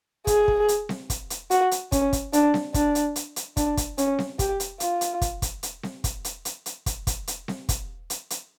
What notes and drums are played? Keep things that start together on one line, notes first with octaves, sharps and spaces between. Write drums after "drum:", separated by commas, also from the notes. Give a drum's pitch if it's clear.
G#4, drum: kick, hi-hat
drum: kick
drum: hi-hat
drum: snare C4
drum: kick, hi-hat
drum: hi-hat
F#4, drum: hi-hat
drum: hi-hat
C#4, drum: kick, hi-hat
drum: kick, hi-hat
D4, drum: hi-hat
drum: snare C4
D4, drum: kick, hi-hat
drum: hi-hat
drum: hi-hat
drum: hi-hat
D4, drum: kick, hi-hat
drum: kick, hi-hat
C#4, drum: hi-hat
drum: snare C4
G4, drum: kick, hi-hat
drum: hi-hat
F4, drum: hi-hat
drum: hi-hat
drum: kick, hi-hat
drum: kick, hi-hat
drum: hi-hat
drum: snare C4
drum: kick, hi-hat
drum: hi-hat
drum: hi-hat
drum: hi-hat
drum: kick, hi-hat
drum: kick, hi-hat
drum: hi-hat
drum: snare C4
drum: kick, hi-hat
drum: hi-hat
drum: hi-hat